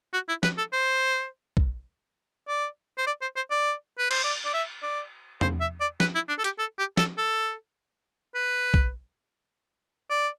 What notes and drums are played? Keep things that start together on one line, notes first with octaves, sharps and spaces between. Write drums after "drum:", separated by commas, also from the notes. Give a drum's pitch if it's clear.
F#4
E4
B4, drum: snare
A4
C5
drum: kick B1
D5
C5
D5
C5
C5
D5
B4
C5, drum: cymbal
D5
D5
E5
D5
C5, drum: tom E2
E5
D5
B4, drum: snare
E4
D4
A4
G4, drum: hi-hat
A4
G4
A4, drum: snare
A4
B4
drum: kick B1
D5